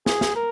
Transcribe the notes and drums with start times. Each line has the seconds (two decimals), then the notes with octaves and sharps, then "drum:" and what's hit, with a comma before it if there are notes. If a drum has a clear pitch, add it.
0.06 G#4, drum: snare
0.21 drum: snare
0.36 A#4